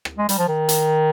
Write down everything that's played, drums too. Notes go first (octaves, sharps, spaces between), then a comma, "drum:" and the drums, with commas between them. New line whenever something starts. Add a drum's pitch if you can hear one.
drum: rim click
G#3
G3, drum: hi-hat
F3
D#3
drum: hi-hat